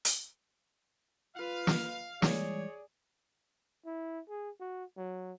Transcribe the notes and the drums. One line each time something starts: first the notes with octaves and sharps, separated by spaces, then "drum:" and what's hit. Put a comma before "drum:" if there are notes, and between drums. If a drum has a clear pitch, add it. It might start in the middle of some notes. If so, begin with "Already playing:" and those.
drum: hi-hat
F4 B4 F5
drum: snare
E3 G3 G#3 G#4 C#5 D5, drum: snare
E4
G#4
F#4
F#3